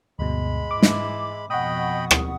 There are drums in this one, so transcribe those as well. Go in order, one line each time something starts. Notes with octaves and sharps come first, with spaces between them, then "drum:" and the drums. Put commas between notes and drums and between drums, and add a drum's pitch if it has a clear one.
D2 G2 B2 G#3 B5
G#2 E3 D6
drum: snare
F2 B2 D#5 F#5 G5 B5 C#6 D#6
drum: rim click